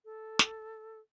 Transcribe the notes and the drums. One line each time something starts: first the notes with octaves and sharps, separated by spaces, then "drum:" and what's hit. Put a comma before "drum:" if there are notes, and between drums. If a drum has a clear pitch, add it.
A4
drum: snare